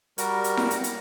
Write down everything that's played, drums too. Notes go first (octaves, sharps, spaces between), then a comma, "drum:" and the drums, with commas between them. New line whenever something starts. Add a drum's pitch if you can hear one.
G3 F#4 A#4, drum: hi-hat
drum: hi-hat
drum: snare E4
drum: hi-hat
drum: hi-hat